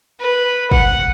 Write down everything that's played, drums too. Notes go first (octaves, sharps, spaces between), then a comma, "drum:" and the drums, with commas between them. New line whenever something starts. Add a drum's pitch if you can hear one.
B4
F#5, drum: kick